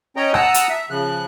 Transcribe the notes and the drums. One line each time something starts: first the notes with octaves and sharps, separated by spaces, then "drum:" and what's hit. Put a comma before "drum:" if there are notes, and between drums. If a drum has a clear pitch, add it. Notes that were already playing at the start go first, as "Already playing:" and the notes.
C#4 C#5 D#5 G5 A#5
F#5 A5 A#5 D#6 E6 F#6, drum: rim click
drum: hi-hat
E5
C#3 F3 F#6